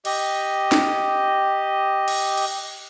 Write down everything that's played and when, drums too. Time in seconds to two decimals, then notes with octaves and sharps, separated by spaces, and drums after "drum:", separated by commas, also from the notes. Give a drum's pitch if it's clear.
0.05 G4 D#5, drum: cymbal
0.72 drum: snare
2.08 drum: cymbal
2.38 drum: cymbal